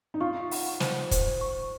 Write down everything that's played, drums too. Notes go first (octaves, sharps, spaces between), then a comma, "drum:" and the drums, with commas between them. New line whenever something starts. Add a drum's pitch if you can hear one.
D#4
F4 C#6
F#5, drum: open hi-hat
C5, drum: snare
C5, drum: kick, hi-hat
C#6